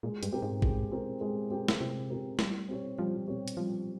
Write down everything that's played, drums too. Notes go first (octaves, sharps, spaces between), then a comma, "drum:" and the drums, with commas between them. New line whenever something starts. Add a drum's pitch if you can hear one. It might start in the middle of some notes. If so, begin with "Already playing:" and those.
A#2 G#3
G2, drum: hi-hat
C4 G4 A#4
G#2
G#3, drum: kick A1
C4 G4 A#4
G#3
C4 G4 A#4
drum: snare
C3 G#3
C4 G4 A#4
G3, drum: snare
C4 G4 C#5
F3 G3
C4 G4 C#5
drum: hi-hat
F3 G3